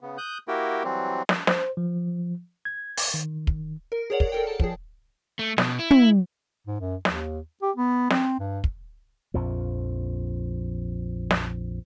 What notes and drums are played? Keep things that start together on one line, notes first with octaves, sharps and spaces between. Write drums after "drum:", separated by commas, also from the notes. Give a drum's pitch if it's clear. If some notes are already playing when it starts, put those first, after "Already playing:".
C#3 B3
D#6 F#6 G6
A#3 E4 F#4 G4 A#4 G5
E3 F#3 G3 C4
drum: snare
C5, drum: snare
F3
G#6
drum: open hi-hat
D#3
drum: kick
A#4
G#4 A#4 C#5 D5 F#5
drum: kick
A4 A#4 G5
A5
F3 G#4, drum: kick
A3
B2, drum: snare
E4
drum: tom
G#2
F#2
D#2, drum: snare
G4
B3
C4, drum: snare
G2
drum: kick
A#1 F2 F3
drum: snare